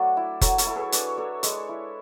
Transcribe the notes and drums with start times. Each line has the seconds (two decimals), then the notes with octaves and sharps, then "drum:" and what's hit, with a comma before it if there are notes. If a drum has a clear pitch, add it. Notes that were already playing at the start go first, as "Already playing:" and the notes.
Already playing: F#3 A3 D4 D5
0.17 E4
0.41 F#3 A4 C#5, drum: kick F1, hi-hat
0.58 A4 C#5, drum: hi-hat
0.67 E4
0.75 G#4 B4
0.92 D4 A4 C#5, drum: hi-hat
1.17 D4 A4 C#5
1.43 G#3 A4 C#5, drum: hi-hat
1.69 E4